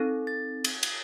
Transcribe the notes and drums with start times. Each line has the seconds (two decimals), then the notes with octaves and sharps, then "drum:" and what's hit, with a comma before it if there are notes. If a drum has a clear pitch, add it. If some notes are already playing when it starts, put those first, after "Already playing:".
Already playing: C4 D#4 A4
0.27 A6
0.64 drum: cymbal
0.83 drum: cymbal